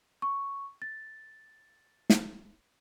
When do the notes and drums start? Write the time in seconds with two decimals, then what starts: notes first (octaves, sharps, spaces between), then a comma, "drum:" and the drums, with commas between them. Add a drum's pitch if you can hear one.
0.22 C#6
0.82 A6
2.10 drum: snare